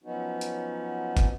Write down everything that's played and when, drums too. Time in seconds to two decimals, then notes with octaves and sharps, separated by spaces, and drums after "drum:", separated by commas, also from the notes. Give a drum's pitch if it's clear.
0.04 F3 F#3 B3 C#4 D#4 F#4
0.41 drum: hi-hat
1.17 drum: kick, hi-hat